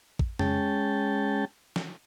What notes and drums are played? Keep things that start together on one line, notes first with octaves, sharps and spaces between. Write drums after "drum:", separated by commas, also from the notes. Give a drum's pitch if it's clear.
drum: kick
G#3 C#4 G5 A5, drum: tom F2
drum: snare